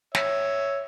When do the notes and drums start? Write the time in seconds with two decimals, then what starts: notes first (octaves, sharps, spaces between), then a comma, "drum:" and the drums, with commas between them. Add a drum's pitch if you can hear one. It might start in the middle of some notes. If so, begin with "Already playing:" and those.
0.15 C#5 E5, drum: snare